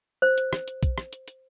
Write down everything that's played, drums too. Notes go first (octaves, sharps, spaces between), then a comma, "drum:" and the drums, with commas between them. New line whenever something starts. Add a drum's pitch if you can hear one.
C5
drum: hi-hat
drum: rim click
drum: hi-hat
drum: kick, hi-hat
drum: rim click
drum: hi-hat
drum: hi-hat